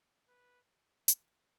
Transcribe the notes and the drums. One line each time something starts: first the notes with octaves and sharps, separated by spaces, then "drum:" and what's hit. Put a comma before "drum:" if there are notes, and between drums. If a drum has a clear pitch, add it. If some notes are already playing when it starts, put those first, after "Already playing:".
B4
drum: hi-hat